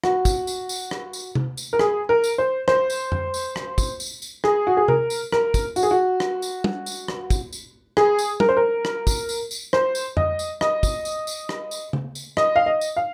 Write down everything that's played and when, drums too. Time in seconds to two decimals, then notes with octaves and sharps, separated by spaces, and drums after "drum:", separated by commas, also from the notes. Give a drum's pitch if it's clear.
0.04 F#4, drum: rim click
0.25 drum: kick, tambourine
0.47 drum: tambourine
0.69 drum: tambourine
0.91 drum: rim click
1.13 drum: tambourine
1.35 drum: tom C3
1.57 drum: tambourine
1.73 A#4
1.79 G#4, drum: rim click
2.09 A#4
2.24 drum: tambourine
2.38 C5
2.68 C5, drum: rim click
2.90 drum: tambourine
3.12 drum: tom F2
3.34 drum: tambourine
3.56 drum: rim click
3.78 drum: kick, tambourine
4.00 drum: tambourine
4.22 drum: tambourine
4.44 G#4, drum: rim click
4.67 F#4
4.77 G#4
4.88 A#4, drum: tom C3
5.10 drum: tambourine
5.32 A#4, drum: rim click
5.54 drum: kick, tambourine
5.76 F#4, drum: tambourine
5.83 G#4
5.91 F#4
6.20 drum: rim click
6.42 drum: tambourine
6.64 drum: tom
6.86 drum: tambourine
7.08 drum: rim click
7.30 drum: kick, tambourine
7.52 drum: tambourine
7.97 G#4, drum: rim click
8.19 drum: tambourine
8.40 A#4, drum: tom
8.49 C5
8.57 A#4
8.85 drum: rim click
9.07 drum: kick, tambourine
9.29 drum: tambourine
9.51 drum: tambourine
9.73 C5, drum: rim click
9.95 drum: tambourine
10.17 D#5, drum: tom F2
10.39 drum: tambourine
10.61 D#5, drum: rim click
10.83 drum: kick, tambourine
11.05 drum: tambourine
11.27 drum: tambourine
11.49 drum: rim click
11.71 drum: tambourine
11.93 drum: tom C#3
12.15 drum: tambourine
12.37 D#5, drum: rim click
12.56 F5
12.66 D#5
12.81 drum: tambourine
12.96 F5